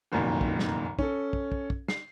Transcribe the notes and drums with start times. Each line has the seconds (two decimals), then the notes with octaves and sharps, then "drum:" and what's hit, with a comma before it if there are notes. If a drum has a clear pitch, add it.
0.12 F1 C2 F#2 A#2 D#3
0.41 drum: kick
0.59 drum: snare
0.99 C#4 A4, drum: kick
1.33 drum: kick
1.52 drum: kick
1.70 drum: kick
1.88 C7, drum: snare